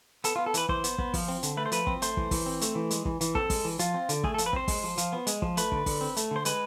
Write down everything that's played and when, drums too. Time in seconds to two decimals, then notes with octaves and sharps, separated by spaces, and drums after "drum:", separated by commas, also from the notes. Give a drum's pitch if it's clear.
0.24 B3 A4, drum: hi-hat
0.36 F4
0.39 B3
0.46 A4
0.54 E3 B4, drum: hi-hat
0.69 E3 C5, drum: kick
0.84 B3, drum: hi-hat
0.98 B3, drum: kick
1.14 F3, drum: kick, open hi-hat
1.28 C4
1.43 D3, drum: hi-hat
1.57 A3 B4
1.66 C5
1.72 F3 B4, drum: hi-hat
1.87 C4, drum: kick
2.02 A3 C5, drum: hi-hat
2.17 E3, drum: kick
2.31 E3, drum: kick, open hi-hat
2.46 C4
2.61 A3, drum: hi-hat
2.75 E3
2.91 G#3, drum: hi-hat
3.05 E3, drum: kick
3.21 E3, drum: hi-hat
3.35 C4 A4, drum: kick
3.50 G#3, drum: kick, open hi-hat
3.65 E3
3.79 F3 F4, drum: hi-hat
3.94 C4
4.09 D3, drum: hi-hat
4.24 A3 G#4, drum: kick
4.34 A4
4.38 F3, drum: hi-hat
4.46 B4
4.53 C4 C5, drum: kick
4.68 G#3, drum: kick, open hi-hat
4.83 F3
4.98 F3, drum: hi-hat
5.13 B3
5.27 G#3, drum: hi-hat
5.42 F3, drum: kick
5.57 A3 B4, drum: hi-hat
5.72 D3, drum: kick
5.86 D3, drum: kick, open hi-hat
6.01 C4
6.17 A3, drum: hi-hat
6.31 D3 C5
6.45 G#3 B4, drum: hi-hat